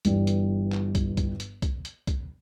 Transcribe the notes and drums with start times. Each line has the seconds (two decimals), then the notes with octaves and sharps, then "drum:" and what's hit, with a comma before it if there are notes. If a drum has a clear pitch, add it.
0.05 G1 G2 E3 G3, drum: hi-hat
0.27 drum: hi-hat
0.72 drum: clap
0.95 drum: kick, hi-hat
1.17 drum: kick, hi-hat
1.40 drum: hi-hat
1.62 drum: kick, hi-hat
1.85 drum: hi-hat
2.07 drum: kick, hi-hat